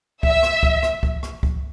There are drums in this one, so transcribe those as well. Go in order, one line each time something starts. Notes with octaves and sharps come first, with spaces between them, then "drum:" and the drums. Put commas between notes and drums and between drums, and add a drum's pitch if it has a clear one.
E5, drum: kick C#2
drum: rim click
drum: kick C#2
drum: rim click
drum: kick C#2
drum: rim click
drum: kick C#2